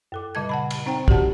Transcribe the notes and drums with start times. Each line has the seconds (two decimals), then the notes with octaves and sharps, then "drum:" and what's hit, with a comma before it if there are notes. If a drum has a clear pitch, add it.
0.12 F#2 A4 D6
0.35 A#2 C#3 G3 D#5 A5 G#6
0.49 F#5 A5 B5
0.71 drum: cymbal
0.86 C4 D#4 C5 G5 A#5
1.08 F#4 G4 D5 F#5 A5, drum: kick